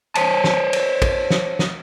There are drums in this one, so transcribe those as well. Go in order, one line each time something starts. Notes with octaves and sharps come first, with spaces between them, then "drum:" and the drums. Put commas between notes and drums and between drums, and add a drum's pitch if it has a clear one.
C5 C#5 A5, drum: cymbal
drum: snare
drum: cymbal
drum: kick, cymbal
drum: snare
drum: snare